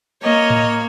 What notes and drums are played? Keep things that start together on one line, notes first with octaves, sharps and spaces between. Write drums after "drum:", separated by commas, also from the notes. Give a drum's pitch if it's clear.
A#3 C#5 D#5
drum: tom A2